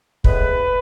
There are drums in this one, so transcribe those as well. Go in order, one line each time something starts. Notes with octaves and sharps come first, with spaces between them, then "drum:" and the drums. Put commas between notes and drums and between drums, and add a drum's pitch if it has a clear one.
A2 G#3 B3 B4, drum: kick